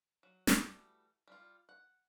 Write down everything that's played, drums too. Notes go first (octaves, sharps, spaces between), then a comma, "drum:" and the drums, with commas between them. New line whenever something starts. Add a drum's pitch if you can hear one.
F#3
E3 G3 A3 F#4, drum: snare
G3 F4
F#5